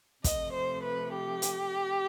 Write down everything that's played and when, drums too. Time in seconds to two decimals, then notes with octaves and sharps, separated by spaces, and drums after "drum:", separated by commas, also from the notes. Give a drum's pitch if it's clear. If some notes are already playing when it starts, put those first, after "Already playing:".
0.24 C3 F3 A3 D#5, drum: kick, hi-hat
0.54 C5
0.83 B4
1.13 G4
1.42 drum: hi-hat